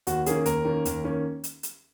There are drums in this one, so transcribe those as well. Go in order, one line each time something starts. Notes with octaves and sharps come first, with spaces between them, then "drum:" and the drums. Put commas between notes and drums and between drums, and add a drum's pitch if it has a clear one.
D#2 F#4, drum: hi-hat
D#3 A#3 C#4 G#4, drum: hi-hat
D#2 A#4, drum: hi-hat
D#3 A#3 C#4
D#2, drum: hi-hat
D#3 A#3 C#4
drum: hi-hat
drum: hi-hat